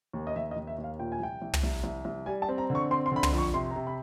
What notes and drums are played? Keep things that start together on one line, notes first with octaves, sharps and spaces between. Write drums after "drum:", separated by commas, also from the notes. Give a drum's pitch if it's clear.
D#2
D#5
D#2 E5
D#5
D#2
E5
D#2
F5
A#2 G5
G#5
C2 G5
C2
drum: tom
C2
C2
C2
G3 G#5
A5
C4
A#5
D3
C#6
C4 C6
C6
D3 B5
C6, drum: tom
F2
C#6
C3 C6
A#5
C3
B5